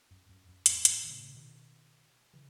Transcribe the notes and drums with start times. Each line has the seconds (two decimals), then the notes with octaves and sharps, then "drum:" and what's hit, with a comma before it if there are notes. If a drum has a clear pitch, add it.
0.11 F#2
0.29 F#2
0.48 F#2
0.66 E2 G#2, drum: hi-hat
0.85 F#2 A2, drum: hi-hat
1.04 D#3
1.10 A2 C#3
1.29 C#3
1.34 B2 D#3
2.33 C#3 E3